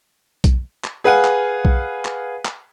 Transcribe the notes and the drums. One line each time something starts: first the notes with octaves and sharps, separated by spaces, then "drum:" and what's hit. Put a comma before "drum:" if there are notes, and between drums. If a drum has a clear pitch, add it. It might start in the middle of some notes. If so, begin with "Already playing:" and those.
drum: kick B1, hi-hat
drum: clap
G#4 B4 F5 F#5 G#5
drum: clap
drum: kick B1
drum: clap
drum: clap